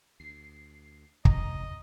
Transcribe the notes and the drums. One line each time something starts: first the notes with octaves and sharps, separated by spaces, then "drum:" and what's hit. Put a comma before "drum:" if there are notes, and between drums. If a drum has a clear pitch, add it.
D2 C7
A1 F2 G#3 D#5 A#5, drum: kick